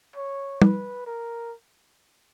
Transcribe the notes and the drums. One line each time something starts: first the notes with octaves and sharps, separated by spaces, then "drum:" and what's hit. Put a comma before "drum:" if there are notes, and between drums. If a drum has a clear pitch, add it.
C#5
B4, drum: tom
A#4